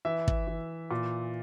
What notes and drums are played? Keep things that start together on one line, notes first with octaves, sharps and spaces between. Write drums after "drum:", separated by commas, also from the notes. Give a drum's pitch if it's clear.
E3 E5
drum: kick
E3
A#2